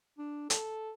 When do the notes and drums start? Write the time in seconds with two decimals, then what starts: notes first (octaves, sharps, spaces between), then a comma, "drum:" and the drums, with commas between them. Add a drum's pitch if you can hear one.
0.18 D4
0.50 A4, drum: hi-hat